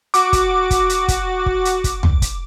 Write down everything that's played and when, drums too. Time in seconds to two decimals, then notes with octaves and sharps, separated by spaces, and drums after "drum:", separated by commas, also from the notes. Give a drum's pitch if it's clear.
0.14 F#4 D6, drum: hi-hat
0.33 drum: kick, hi-hat
0.71 drum: kick, hi-hat
0.89 drum: hi-hat
1.08 drum: kick, hi-hat
1.46 drum: kick
1.65 drum: hi-hat
1.84 drum: kick, hi-hat
2.03 drum: tom
2.22 drum: kick, hi-hat